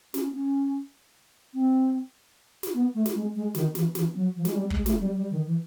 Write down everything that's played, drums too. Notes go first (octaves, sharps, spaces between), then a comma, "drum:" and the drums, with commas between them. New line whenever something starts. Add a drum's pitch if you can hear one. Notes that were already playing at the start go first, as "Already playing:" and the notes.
C#4, drum: snare
C#4
C4
drum: snare
B3
A3
drum: snare
G#3
G#3
D#3, drum: snare
E3, drum: snare
E3, drum: snare
F#3
F3
G#3, drum: snare
G3
G#3, drum: kick
A3, drum: snare
G3
G3
D#3
E3